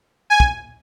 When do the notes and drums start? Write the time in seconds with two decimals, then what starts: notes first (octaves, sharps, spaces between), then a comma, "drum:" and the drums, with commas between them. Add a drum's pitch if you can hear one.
0.30 G#5
0.40 drum: kick